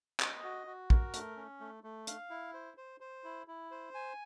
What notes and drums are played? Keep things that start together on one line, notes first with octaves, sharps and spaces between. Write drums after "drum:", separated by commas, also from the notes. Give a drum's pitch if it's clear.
D#5, drum: clap
F#4
F#4
A#4, drum: kick
A3, drum: hi-hat
C#4
A3
A3
F5, drum: hi-hat
E4
C5
C5
C5
E4
E4
C5
G#5